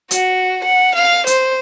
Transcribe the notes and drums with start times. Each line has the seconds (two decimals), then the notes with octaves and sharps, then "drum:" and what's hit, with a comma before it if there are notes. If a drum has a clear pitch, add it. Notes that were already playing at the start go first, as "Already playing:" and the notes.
0.11 F#4, drum: hi-hat
0.64 F#5
0.95 F5
1.27 C5, drum: hi-hat